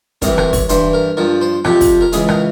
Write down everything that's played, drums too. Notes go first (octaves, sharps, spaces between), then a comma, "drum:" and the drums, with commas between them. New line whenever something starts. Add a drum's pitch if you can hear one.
C2 C3 E3 A#4, drum: kick, hi-hat
A#4, drum: rim click
C#5, drum: kick, open hi-hat
G2 E3 C5, drum: hi-hat
A#4
G2 F3 A#4
C5
F2 C3 F3 G4, drum: rim click
drum: kick, open hi-hat
A#4
C#2 C#3 E3 G#4, drum: hi-hat
A#4, drum: rim click